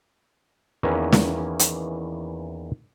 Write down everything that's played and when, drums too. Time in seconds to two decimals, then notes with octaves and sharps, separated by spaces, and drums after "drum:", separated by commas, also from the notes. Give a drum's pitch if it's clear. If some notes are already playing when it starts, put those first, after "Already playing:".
0.83 E2 D#3 E3 A#3 C#4
1.12 drum: snare
1.59 drum: hi-hat